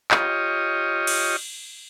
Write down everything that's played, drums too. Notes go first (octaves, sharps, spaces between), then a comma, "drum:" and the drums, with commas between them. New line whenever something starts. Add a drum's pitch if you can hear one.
F4 G4 C#5 D#5, drum: clap
drum: cymbal